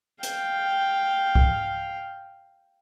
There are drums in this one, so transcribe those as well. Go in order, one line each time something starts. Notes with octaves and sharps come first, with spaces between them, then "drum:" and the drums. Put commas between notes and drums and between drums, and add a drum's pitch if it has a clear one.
F5 G5, drum: hi-hat
drum: kick C2